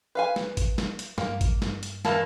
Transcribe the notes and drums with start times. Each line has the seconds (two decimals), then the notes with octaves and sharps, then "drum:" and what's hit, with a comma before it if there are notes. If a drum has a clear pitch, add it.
0.15 B4 F5 G#5
0.36 drum: snare
0.57 drum: kick A1, hi-hat
0.78 drum: snare
0.99 drum: hi-hat
1.18 G2 A#3, drum: snare
1.41 drum: kick A1, hi-hat
1.62 drum: snare
1.83 drum: hi-hat
2.05 E2 A#3 A5, drum: snare